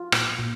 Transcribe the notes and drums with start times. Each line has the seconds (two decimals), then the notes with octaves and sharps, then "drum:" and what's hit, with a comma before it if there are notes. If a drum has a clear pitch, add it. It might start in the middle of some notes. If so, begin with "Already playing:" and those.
Already playing: F4
0.12 A#2, drum: rim click
0.39 A#2